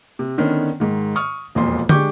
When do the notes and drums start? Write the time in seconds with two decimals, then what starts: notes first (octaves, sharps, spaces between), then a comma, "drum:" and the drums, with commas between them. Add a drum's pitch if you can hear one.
0.19 C3
0.38 D3 D#3 B3 C#4
0.80 G#2 D#3
1.16 C#6 D#6 F6
1.55 E1 F2 A#2 F3 C6
1.89 G#3 D4 G4 C#6 D6 G6, drum: tom